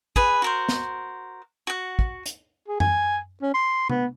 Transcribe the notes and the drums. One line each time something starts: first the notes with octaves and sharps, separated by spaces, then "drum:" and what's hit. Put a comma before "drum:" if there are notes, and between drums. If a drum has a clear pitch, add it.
G#4 B4, drum: kick
F#4 A#4 C5
drum: snare
F#4 F#5
drum: kick
drum: hi-hat
G#4
G#5, drum: tom F#2
C#4
C6
B3, drum: tom C3